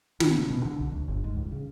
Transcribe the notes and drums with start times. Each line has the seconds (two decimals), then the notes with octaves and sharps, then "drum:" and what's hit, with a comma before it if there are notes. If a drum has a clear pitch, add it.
0.20 D#3, drum: snare
0.38 C#3
0.50 B2
0.65 D3
0.80 C2
0.92 D2
1.08 G1
1.24 G#2
1.36 C#2
1.51 C#3